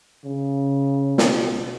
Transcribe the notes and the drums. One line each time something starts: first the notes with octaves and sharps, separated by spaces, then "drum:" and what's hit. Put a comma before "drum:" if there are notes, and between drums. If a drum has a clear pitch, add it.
C#3
B2, drum: snare